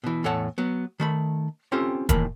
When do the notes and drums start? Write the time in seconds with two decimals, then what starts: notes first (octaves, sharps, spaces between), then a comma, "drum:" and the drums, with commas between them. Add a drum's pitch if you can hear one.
0.04 B2 E3
0.24 E2 A2 A4 C#5 F#5 A5
0.58 F#3 B3
1.00 D#3 A3 B5
1.72 C4 C#4 F4 G4 A4 C5
2.09 D#2 A2 E3 A#4 A5 B5, drum: kick, hi-hat